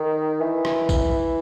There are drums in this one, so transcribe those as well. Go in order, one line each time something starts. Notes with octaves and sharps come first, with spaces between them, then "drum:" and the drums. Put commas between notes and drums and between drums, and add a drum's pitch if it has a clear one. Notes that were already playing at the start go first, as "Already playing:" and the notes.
Already playing: D#3
E3
drum: rim click
drum: kick, tambourine